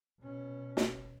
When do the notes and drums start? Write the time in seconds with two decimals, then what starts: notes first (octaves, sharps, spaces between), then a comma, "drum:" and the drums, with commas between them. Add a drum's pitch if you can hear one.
0.20 B2 C#4
0.77 drum: snare